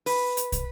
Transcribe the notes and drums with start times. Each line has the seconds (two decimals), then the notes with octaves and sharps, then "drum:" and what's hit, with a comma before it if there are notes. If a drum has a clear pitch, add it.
0.06 B4, drum: open hi-hat
0.37 drum: hi-hat
0.52 drum: kick, hi-hat